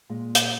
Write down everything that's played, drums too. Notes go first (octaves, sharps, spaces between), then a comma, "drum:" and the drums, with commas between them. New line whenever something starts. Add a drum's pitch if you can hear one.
A#2 G#3
drum: hi-hat